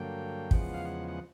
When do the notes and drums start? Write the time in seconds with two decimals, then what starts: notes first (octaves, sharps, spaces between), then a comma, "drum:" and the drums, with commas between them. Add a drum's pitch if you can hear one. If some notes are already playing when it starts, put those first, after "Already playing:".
Already playing: G2 D3 F#3 A#3 G5
0.51 E2 C#3 F3 G#3 B3 F#5, drum: kick
0.74 F5
0.85 F#5
1.08 F#5